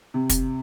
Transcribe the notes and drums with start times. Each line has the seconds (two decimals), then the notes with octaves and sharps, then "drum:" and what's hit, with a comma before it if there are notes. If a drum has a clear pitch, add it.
0.14 C3
0.29 drum: kick, hi-hat